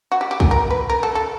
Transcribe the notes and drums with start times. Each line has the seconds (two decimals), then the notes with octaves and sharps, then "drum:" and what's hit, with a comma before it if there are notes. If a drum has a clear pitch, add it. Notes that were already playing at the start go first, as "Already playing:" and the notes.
0.12 F#4
0.21 G4
0.31 G4
0.40 G#4, drum: kick
0.51 A#4
0.70 B4
0.90 A#4
1.03 A4
1.15 A4